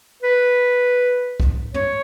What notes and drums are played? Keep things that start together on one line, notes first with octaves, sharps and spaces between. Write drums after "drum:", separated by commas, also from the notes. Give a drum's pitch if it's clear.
B4
drum: kick C2
C#5, drum: tom